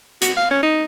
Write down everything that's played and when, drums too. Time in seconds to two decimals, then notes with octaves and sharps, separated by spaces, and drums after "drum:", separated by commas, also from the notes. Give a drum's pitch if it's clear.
0.22 F#4, drum: hi-hat
0.37 F5
0.51 C#4
0.63 D#4